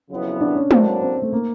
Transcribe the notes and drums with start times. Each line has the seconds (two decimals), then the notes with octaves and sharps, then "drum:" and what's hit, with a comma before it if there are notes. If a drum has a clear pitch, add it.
0.10 F2 C#3 F#3 B3 E4
0.41 D4
0.55 C#4
0.71 A2 F#3 A#3 C4 D4, drum: tom G#3
1.02 C4
1.22 A3
1.33 A#3